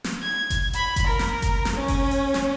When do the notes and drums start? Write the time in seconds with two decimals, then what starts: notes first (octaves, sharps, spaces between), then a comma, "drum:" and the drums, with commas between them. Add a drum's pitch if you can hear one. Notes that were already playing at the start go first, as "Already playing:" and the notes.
0.04 drum: snare
0.22 G#6
0.50 drum: kick F#1, hi-hat
0.73 B5, drum: hi-hat
0.96 drum: kick F#1, hi-hat
1.06 A#4
1.19 drum: snare
1.42 drum: kick F#1, hi-hat
1.65 drum: snare
1.75 C#4
1.88 drum: kick F#1, open hi-hat
2.11 drum: open hi-hat
2.34 drum: snare